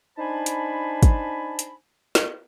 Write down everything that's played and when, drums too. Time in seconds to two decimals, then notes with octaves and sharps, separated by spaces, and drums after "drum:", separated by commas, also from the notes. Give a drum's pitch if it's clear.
0.18 D4 D#4 C5 G#5 A5 B5
0.46 drum: hi-hat
1.03 drum: kick, hi-hat
1.59 drum: hi-hat
2.15 drum: snare